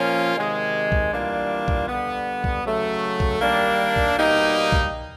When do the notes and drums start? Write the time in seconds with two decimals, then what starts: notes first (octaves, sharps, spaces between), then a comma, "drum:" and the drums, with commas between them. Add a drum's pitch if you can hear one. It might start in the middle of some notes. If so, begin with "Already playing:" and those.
Already playing: A#2 F3 A#3 C#4 F4
0.34 C3 D#3 G#3
0.92 drum: kick B1
1.11 E3 G3 A#3 D4 F4
1.68 drum: kick B1
1.86 D3 G3 B3
2.44 drum: kick B1
2.64 C#3 F#3 A3
3.20 drum: kick B1
3.39 D#3 G3 A#3 D4
3.96 drum: kick B1
4.15 B2 G3 A#3 D#4 G4
4.72 drum: kick B1